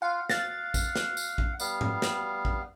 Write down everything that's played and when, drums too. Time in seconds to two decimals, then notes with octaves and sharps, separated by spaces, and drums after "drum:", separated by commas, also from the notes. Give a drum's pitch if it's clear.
0.02 F4 F5 F#5
0.29 F5 F#5 A6, drum: snare
0.74 drum: kick, tambourine
0.96 drum: snare
1.17 drum: tambourine
1.38 drum: kick
1.60 G3 B3 F5, drum: tambourine
1.81 drum: tom G#2
2.02 drum: snare
2.45 drum: kick